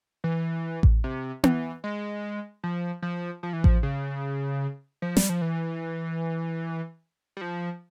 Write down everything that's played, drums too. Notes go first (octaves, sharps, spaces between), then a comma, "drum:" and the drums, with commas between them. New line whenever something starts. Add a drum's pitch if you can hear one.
E3
drum: kick A1
C3
E3, drum: tom B3
G#3
F3
F3
F3
E3
F3, drum: kick A1
C#3
F3
G3, drum: snare
F3
E3
G3
F3